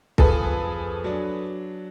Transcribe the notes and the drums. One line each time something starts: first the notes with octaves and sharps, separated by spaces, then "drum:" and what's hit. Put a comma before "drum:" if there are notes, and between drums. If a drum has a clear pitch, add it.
F2 F3 G#4 A4 B4, drum: kick
F#3 D4